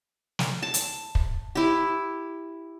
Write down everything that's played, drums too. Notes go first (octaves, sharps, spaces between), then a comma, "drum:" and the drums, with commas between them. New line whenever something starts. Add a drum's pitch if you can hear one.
drum: snare
A5
drum: hi-hat
drum: kick
E4 G4